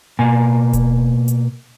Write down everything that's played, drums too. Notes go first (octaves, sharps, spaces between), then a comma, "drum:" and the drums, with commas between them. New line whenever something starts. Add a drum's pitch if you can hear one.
B2 A#3 G#5
drum: kick D#1, hi-hat
drum: hi-hat